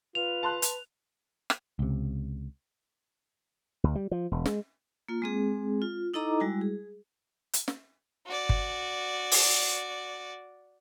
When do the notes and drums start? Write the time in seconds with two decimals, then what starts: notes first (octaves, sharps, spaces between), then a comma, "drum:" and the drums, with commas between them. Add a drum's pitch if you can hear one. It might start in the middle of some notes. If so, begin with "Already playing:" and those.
0.15 F4 B4 F7
0.43 A5 C6 F#6
0.62 drum: hi-hat
1.50 drum: rim click
1.79 C#2 C3
3.84 D2
3.95 G3
4.11 F3
4.32 E1
4.46 G#3, drum: snare
5.09 A#3 F4
5.22 G#3 C4 G#4
5.82 F4
6.14 D#4 E4 A4 D#5 A#5 D6
6.40 G3 G#3 E4 F#4
6.61 G#4
7.53 drum: hi-hat
7.68 drum: snare
8.26 F#4 D5
8.49 drum: kick G1
9.31 drum: open hi-hat